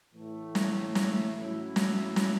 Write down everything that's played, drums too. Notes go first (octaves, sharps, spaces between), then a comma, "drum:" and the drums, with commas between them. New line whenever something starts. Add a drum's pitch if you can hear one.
A2 E3 A3
drum: snare
drum: snare
A2 F#3 C#4 E4
drum: snare
drum: snare